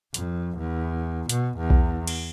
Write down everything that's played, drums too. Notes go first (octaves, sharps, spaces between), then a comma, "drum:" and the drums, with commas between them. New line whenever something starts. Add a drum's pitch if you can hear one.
F2, drum: hi-hat
E2
B2, drum: hi-hat
E2
drum: kick B1
drum: cymbal